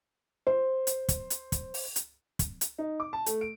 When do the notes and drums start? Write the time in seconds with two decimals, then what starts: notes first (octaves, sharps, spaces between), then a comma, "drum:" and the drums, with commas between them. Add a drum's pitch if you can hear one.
0.47 C5
0.87 drum: hi-hat
1.09 drum: kick, hi-hat
1.30 drum: hi-hat
1.52 drum: kick, hi-hat
1.74 drum: open hi-hat
1.96 drum: hi-hat
2.39 drum: kick, hi-hat
2.61 drum: hi-hat
2.78 D#4
3.00 D6
3.13 A5
3.26 A3, drum: hi-hat
3.41 D7